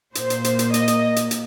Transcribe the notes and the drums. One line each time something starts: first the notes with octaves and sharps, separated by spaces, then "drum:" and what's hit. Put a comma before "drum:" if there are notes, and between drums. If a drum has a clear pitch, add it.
A#2 A#3 C5, drum: hi-hat
drum: hi-hat
drum: hi-hat
drum: hi-hat
D#5, drum: hi-hat
drum: hi-hat
drum: hi-hat
drum: hi-hat